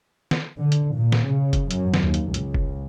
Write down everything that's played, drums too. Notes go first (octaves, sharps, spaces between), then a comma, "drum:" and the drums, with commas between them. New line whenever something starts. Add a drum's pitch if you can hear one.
drum: snare
D3
drum: hi-hat
A#2
drum: snare
C#3
drum: kick F1, hi-hat
F#2, drum: hi-hat
drum: snare
D#2
drum: hi-hat
C#2, drum: hi-hat
drum: kick F1